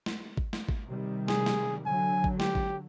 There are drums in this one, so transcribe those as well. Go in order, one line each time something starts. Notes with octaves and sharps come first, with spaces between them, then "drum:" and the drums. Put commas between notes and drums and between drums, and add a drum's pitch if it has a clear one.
drum: snare
drum: kick G#1
drum: snare
drum: kick G#1
C3 D#3 G3
G#4, drum: snare
drum: snare
D3 F#3 G#5
drum: kick G#1
G4, drum: snare
drum: kick G#1